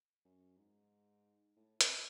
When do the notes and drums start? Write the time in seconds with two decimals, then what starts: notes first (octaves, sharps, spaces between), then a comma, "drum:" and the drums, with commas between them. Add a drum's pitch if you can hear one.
0.25 F#2
0.58 G#2
1.57 A2
1.81 drum: hi-hat